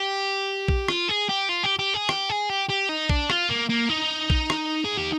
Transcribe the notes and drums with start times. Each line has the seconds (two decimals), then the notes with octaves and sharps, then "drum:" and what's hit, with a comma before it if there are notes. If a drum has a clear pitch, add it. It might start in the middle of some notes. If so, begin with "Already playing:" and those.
Already playing: G4
0.68 drum: kick A#1
0.88 F4, drum: rim click
1.08 G#4
1.29 G4
1.49 F4
1.64 G4
1.79 G4
1.94 G#4
2.09 G4, drum: rim click
2.29 G#4
2.49 G4
2.69 G4
2.89 D#4
3.09 D4, drum: kick A#1
3.30 F4, drum: rim click
3.50 A#3
3.70 A#3
3.90 D#4
4.30 drum: kick A#1
4.50 drum: rim click
4.84 G#4
4.97 G4